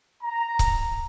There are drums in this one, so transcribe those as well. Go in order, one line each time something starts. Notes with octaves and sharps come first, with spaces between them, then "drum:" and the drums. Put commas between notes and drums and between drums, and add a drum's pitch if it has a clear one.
A#5
drum: kick C#1, hi-hat